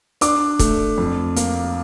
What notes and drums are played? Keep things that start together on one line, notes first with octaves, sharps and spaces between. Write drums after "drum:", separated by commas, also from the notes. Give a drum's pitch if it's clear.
D4 D6, drum: hi-hat
A3, drum: kick, hi-hat
F2
A#3, drum: hi-hat